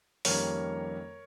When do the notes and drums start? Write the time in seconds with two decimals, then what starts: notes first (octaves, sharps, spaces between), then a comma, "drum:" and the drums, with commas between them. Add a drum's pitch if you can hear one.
0.25 F2 D#3 G3 A#3 C#4 A#4 C#5, drum: open hi-hat